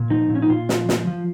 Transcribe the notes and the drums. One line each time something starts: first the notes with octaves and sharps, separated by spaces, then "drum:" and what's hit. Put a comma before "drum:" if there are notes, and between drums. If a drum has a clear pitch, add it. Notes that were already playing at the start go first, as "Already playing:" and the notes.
Already playing: A#2
F3 D#4
A#2
C#4
D#4
A#2 F4
F3, drum: snare
F3, drum: snare
F3